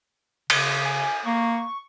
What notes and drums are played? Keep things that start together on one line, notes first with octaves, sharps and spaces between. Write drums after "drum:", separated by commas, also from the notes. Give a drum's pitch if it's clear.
C#3, drum: cymbal
G#5
A#3 C#6